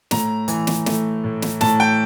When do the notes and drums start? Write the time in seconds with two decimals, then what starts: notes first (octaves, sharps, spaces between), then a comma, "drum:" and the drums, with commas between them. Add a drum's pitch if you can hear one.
0.11 A2 A#5, drum: snare
0.48 E3, drum: hi-hat
0.67 drum: snare
0.86 A3, drum: snare
1.24 A2
1.42 drum: snare
1.61 A2 A5, drum: snare
1.80 G5